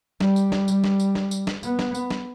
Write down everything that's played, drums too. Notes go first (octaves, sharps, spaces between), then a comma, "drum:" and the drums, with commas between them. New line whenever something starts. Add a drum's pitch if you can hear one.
G3, drum: snare
drum: tambourine
drum: snare
G3, drum: tambourine
drum: snare
drum: tambourine
drum: snare
drum: tambourine
drum: snare
B3, drum: tambourine
drum: snare
drum: tambourine
drum: snare